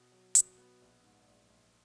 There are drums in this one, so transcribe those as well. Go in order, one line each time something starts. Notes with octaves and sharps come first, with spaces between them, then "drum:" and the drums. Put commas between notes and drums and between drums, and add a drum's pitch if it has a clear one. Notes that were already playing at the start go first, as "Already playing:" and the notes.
Already playing: B2
F#3
B2, drum: hi-hat
B3
A#1
G#2
A#1
A#1